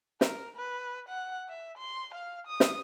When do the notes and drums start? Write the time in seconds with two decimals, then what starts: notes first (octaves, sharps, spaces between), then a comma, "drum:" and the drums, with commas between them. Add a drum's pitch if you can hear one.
0.21 A#4, drum: snare
0.57 B4
1.09 F#5
1.49 E5
1.78 C6
2.14 F5
2.47 D#6
2.60 drum: snare